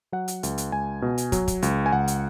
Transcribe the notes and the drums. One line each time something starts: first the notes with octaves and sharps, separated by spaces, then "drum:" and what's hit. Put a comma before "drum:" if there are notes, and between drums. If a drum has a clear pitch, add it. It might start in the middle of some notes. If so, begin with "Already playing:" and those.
F#3 F#5
drum: hi-hat
C#2, drum: hi-hat
drum: hi-hat
C#2 G#5
B2
drum: hi-hat
F#3, drum: kick, hi-hat
drum: kick, hi-hat
C#2, drum: hi-hat
G#5
C#2 F#5
drum: hi-hat